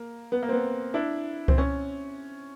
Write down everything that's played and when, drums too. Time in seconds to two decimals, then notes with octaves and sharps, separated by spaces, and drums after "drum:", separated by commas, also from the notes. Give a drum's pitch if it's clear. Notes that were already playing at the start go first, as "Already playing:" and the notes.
Already playing: A#3
0.32 B3
0.43 A#3
0.49 C4
0.52 B3
0.94 D4 E4
1.48 C4, drum: kick C#2
1.58 C#4